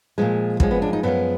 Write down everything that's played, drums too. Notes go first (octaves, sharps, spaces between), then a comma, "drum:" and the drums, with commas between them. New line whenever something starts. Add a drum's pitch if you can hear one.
A#2 F3 G#3
F#2 F3 G#3 A#3, drum: kick
B3
D4
D#4
F#2 F3 G#3 B3